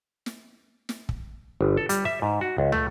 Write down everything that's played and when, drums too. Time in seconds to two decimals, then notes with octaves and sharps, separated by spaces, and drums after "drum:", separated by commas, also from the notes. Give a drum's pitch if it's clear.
0.26 drum: snare
0.89 drum: snare
1.09 drum: kick
1.61 G1
1.77 A4
1.89 G3, drum: hi-hat
2.05 E5
2.22 G#2
2.41 F#4
2.58 C#2
2.72 A3, drum: tom